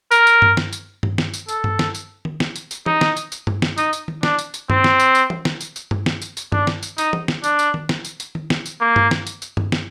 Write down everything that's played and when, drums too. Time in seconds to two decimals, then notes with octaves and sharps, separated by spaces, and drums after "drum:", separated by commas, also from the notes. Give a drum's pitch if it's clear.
0.11 A#4, drum: tambourine
0.27 drum: tambourine
0.42 drum: tom G2
0.57 drum: snare
0.73 drum: tambourine
1.03 drum: tom G2
1.18 drum: snare
1.34 drum: tambourine
1.48 A4, drum: tambourine
1.64 drum: tom G2
1.79 drum: snare
1.95 drum: tambourine
2.25 drum: tom D#3
2.40 drum: snare
2.56 drum: tambourine
2.71 drum: tambourine
2.86 D#4, drum: tom
3.01 drum: snare
3.17 drum: tambourine
3.32 drum: tambourine
3.47 drum: tom G2
3.62 drum: snare
3.78 D#4, drum: tambourine
3.93 drum: tambourine
4.08 drum: tom D#3
4.23 D4, drum: snare
4.39 drum: tambourine
4.54 drum: tambourine
4.70 C4, drum: tom G2
4.84 drum: snare
5.00 drum: tambourine
5.15 drum: tambourine
5.30 drum: tom
5.45 drum: snare
5.61 drum: tambourine
5.76 drum: tambourine
5.91 drum: tom G2
6.06 drum: snare
6.22 drum: tambourine
6.37 drum: tambourine
6.52 D4, drum: tom G2
6.67 drum: snare
6.83 drum: tambourine
6.98 D#4, drum: tambourine
7.13 drum: tom
7.28 drum: snare
7.44 D4, drum: tambourine
7.59 drum: tambourine
7.74 drum: tom D#3
7.89 drum: snare
8.05 drum: tambourine
8.20 drum: tambourine
8.35 drum: tom D#3
8.50 drum: snare
8.66 drum: tambourine
8.81 A#3
8.96 drum: tom G2
9.11 drum: snare
9.27 drum: tambourine
9.42 drum: tambourine
9.57 drum: tom G2
9.72 drum: snare